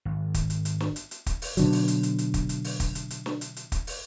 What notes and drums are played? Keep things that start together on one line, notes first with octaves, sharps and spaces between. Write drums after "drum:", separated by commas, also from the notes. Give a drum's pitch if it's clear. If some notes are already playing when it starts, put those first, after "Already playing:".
G#1
drum: kick, hi-hat
drum: hi-hat
drum: hi-hat
drum: snare
drum: hi-hat
drum: hi-hat
drum: kick, hi-hat
drum: open hi-hat
B2 D3 F#3, drum: hi-hat
drum: open hi-hat
drum: hi-hat
drum: hi-hat
drum: hi-hat
drum: kick, hi-hat
drum: hi-hat
drum: open hi-hat
drum: kick, hi-hat
drum: hi-hat
drum: hi-hat
drum: snare
drum: hi-hat
drum: hi-hat
drum: kick, hi-hat
drum: open hi-hat